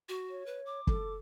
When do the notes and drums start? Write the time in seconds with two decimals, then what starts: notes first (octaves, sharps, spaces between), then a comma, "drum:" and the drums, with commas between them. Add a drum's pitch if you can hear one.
0.09 F#4
0.30 C#5
0.46 B4
0.66 D6
0.87 A4, drum: kick